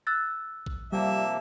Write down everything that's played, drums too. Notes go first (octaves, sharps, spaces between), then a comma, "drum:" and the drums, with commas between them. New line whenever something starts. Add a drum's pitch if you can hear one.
E6 F#6 A6
drum: kick A#1
C3 F3 G3 A#3 E5